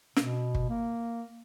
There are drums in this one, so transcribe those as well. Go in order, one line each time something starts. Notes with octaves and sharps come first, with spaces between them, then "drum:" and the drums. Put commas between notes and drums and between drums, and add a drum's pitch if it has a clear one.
B2, drum: snare
drum: kick
A#3